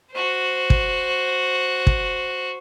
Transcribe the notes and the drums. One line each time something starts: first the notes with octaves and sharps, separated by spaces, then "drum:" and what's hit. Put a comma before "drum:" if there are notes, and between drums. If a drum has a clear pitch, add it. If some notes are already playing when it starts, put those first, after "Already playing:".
F#4 C5
drum: kick
drum: kick